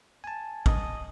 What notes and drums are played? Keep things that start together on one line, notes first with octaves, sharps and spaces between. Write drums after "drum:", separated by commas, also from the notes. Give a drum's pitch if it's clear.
G#5 A5
D#5, drum: kick